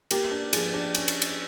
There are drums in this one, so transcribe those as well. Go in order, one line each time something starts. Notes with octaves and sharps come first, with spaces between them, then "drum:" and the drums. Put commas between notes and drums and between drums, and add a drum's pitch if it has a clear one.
A#3 G4, drum: cymbal
D4
F3 G#4, drum: cymbal
D4
C#4, drum: cymbal
drum: cymbal
drum: cymbal